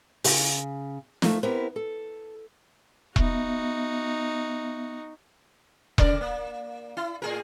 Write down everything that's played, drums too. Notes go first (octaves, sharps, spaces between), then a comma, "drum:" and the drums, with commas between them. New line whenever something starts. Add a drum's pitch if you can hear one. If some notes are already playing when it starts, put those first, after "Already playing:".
C#3, drum: open hi-hat
D#3 F3 A3, drum: snare
B3 C4 E4 G4 A#4 B4
A4
B3 D#4 F#4 E5, drum: kick E1
C#3 A#4 D5, drum: kick E1
A#3
E4
A2 G#4 A#4